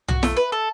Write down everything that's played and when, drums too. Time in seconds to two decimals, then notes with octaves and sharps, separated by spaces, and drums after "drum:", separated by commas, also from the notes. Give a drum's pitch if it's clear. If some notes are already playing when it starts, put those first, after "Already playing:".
0.08 F#4, drum: tom
0.23 A3, drum: snare
0.37 B4
0.52 A4